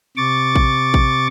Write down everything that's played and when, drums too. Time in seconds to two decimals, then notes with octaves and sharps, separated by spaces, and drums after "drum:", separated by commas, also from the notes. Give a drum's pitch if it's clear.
0.17 C3 C#6 D6 A6
0.55 drum: kick A1
0.94 drum: kick A1